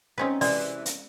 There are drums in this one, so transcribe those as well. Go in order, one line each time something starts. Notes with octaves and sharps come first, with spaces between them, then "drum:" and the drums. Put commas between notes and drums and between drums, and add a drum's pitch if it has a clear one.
G3 C4 C#4 D#4 B4
C3 E3 G#3 D5, drum: open hi-hat
drum: hi-hat